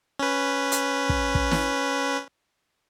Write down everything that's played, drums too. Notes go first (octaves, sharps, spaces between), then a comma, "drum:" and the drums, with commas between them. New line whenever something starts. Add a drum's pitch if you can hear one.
C#4 B4
drum: hi-hat
drum: kick
drum: kick
drum: snare